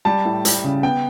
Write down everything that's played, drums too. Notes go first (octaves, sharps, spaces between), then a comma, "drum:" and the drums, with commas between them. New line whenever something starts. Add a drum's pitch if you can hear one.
G3 A5
A2
G3, drum: hi-hat
C#3
B3 G5